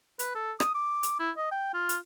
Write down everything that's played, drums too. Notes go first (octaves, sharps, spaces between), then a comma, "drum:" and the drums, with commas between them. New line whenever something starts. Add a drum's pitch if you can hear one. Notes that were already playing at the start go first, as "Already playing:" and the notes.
B4, drum: hi-hat
A4
D#6, drum: rim click
D6
drum: hi-hat
E4
D#5
G5
F4
drum: hi-hat